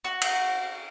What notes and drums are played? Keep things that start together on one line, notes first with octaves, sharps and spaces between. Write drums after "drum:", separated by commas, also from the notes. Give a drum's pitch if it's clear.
F#4
drum: cymbal